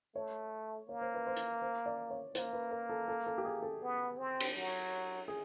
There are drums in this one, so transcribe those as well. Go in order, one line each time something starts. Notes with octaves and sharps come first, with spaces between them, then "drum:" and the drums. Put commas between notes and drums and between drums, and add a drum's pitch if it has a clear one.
A3 C#5
A#3 C#5
C5
B4
C5
drum: hi-hat
C5
D5
C#5
A#3 C5, drum: hi-hat
B4
A#4
A4
A4
A4
G4
G#4
A4
B3
C4
drum: cymbal
F#3
G#4